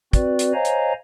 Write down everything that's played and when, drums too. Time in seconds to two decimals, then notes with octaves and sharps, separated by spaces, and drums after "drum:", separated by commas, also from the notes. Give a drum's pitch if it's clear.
0.13 C4 F#4 B4 D5, drum: kick, hi-hat
0.39 drum: hi-hat
0.53 C5 C#5 D#5 F5 G#5 A#5
0.65 drum: hi-hat